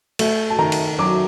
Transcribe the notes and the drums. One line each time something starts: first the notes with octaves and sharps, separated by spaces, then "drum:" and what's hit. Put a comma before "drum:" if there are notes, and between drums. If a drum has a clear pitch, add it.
A3, drum: cymbal
A5
D#3 A#5
drum: cymbal
F#3 D6